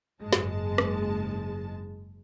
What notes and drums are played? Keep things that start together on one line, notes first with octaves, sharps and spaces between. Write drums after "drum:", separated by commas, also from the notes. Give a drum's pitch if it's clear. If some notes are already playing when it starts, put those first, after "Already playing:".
F#1 G#2 G#3 A5
drum: snare
drum: rim click